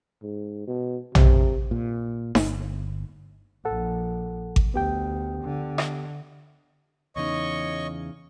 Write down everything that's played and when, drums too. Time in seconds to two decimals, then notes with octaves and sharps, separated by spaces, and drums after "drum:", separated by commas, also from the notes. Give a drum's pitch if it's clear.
0.23 G#2
0.68 B2
1.15 C3, drum: tom
1.71 A#2
2.35 G1, drum: snare D#4
3.65 A#1 A4 F#5
4.56 drum: kick G#1
4.74 D2 B3 G4 G5
5.43 D3
5.78 drum: rim click
7.16 E2 C#3 D#4 C#5 D#5 C#6